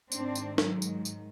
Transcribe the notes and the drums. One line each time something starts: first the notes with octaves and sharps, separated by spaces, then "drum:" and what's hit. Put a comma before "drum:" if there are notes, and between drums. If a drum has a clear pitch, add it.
G#2 D#3 C4 D4, drum: tambourine
drum: tambourine
F#3 G#3, drum: snare
drum: tambourine
drum: tambourine